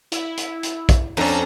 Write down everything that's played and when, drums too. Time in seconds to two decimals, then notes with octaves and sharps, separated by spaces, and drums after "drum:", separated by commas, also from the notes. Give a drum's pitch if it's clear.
0.12 E4, drum: hi-hat
0.37 drum: hi-hat
0.63 drum: hi-hat
0.89 drum: kick, hi-hat
1.17 F2 C#4 D4 A4 A#5, drum: open hi-hat